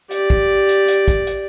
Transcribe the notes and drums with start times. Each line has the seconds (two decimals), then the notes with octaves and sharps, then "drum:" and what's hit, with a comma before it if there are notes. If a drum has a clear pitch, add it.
0.11 G4 D5, drum: hi-hat
0.30 drum: kick
0.69 drum: hi-hat
0.88 drum: hi-hat
1.08 drum: kick, hi-hat
1.27 drum: hi-hat